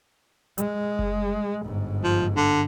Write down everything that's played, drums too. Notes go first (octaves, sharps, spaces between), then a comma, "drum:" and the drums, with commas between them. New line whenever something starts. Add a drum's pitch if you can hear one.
G#3, drum: hi-hat
drum: kick F#1
G1 G#2
F3
D3